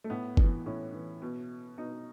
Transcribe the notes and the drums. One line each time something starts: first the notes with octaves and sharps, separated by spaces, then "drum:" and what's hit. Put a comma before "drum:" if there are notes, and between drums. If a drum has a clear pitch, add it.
A3
A2 B3
E3 B3, drum: kick F#1
A2 C#4
E3
B2
B2 D#4